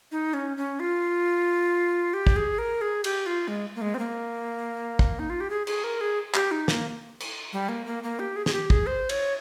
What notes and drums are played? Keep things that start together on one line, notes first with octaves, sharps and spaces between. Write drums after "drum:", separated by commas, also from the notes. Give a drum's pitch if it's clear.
D#4
C#4
C#4
F4
G4
drum: kick
G#4
A#4
G#4
G4, drum: cymbal
F4
G#3
A#3
G#3
C4
A#3
drum: kick
D#4
F4
G4
G#4
G#4, drum: cymbal
A#4
G#4
G4, drum: clap
D#4
A#3, drum: snare
drum: cymbal
G3
A#3
A#3
A#3
G4
G#4
G#4, drum: snare
G4
G#4, drum: kick
C5
C#5, drum: cymbal